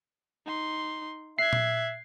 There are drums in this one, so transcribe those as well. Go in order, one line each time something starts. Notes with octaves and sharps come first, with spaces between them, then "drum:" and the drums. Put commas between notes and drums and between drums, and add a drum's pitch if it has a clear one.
D#4 C6
E5 F#6 G#6 C7
drum: tom A#2